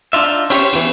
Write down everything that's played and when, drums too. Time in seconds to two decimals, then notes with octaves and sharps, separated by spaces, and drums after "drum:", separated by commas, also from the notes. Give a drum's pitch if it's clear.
0.13 D4 D#4 F4 E5
0.50 C#4 E4 G4 A4 C5 C#5, drum: cymbal
0.73 E2 E3, drum: cymbal